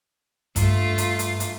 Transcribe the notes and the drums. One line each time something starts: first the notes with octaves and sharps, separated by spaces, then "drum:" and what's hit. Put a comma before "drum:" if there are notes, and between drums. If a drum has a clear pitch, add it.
G2 A3 F4, drum: kick, hi-hat
drum: hi-hat
drum: hi-hat
drum: hi-hat